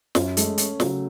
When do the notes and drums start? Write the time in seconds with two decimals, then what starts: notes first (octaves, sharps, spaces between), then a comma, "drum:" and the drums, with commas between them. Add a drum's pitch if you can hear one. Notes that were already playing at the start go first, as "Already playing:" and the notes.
0.15 F#2 C#4, drum: snare
0.37 G#3 A3, drum: hi-hat
0.58 C#4, drum: hi-hat
0.80 C#3 F#3, drum: snare